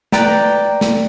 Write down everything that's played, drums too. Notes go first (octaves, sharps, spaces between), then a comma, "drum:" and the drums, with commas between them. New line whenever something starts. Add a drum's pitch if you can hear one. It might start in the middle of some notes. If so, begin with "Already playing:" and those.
B4 D5 G5 A#5, drum: snare
drum: snare